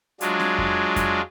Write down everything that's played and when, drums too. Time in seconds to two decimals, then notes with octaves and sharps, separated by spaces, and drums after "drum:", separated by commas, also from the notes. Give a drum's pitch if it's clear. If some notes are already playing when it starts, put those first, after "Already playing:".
0.21 F#3 G#3 D4 F4, drum: hi-hat
0.39 drum: snare C4
0.58 drum: kick F2
0.96 drum: kick F2, hi-hat